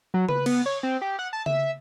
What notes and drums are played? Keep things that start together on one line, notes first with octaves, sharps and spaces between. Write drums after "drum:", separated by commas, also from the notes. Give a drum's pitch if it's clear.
F#3
B4, drum: tom C#3
B3, drum: cymbal
C#5
C4
G4
F#5
A5
E5, drum: tom C#3